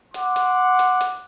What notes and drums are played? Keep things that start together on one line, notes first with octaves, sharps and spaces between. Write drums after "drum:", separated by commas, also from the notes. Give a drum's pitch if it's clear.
F#5 C6 D6, drum: hi-hat
drum: hi-hat
drum: hi-hat
drum: hi-hat